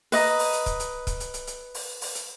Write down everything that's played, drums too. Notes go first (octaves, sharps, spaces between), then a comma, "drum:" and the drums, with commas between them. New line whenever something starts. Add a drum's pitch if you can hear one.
B4 D#5 A#5, drum: open hi-hat
drum: open hi-hat
drum: hi-hat
drum: kick, hi-hat
drum: hi-hat
drum: kick, hi-hat
drum: hi-hat
drum: hi-hat
drum: hi-hat
drum: open hi-hat
drum: open hi-hat
drum: hi-hat